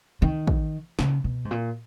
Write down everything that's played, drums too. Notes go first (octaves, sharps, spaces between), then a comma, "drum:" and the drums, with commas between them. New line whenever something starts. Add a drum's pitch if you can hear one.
D#3
drum: kick
C#3, drum: snare
B2
G#2
A#2